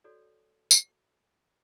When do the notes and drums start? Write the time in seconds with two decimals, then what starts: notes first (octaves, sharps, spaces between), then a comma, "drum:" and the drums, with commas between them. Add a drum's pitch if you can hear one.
0.04 F#4 A4 C#5 D5
0.71 drum: tambourine